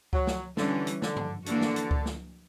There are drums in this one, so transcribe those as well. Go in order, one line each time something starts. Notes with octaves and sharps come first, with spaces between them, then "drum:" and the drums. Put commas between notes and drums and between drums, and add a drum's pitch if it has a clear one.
F#3, drum: kick C#2
drum: snare
D3 E3 G3 C#4, drum: snare
drum: hi-hat
D3, drum: snare
drum: tom G2
D3 E3 A#3 D4 F#4, drum: hi-hat
drum: snare
drum: hi-hat
drum: kick C#2
drum: snare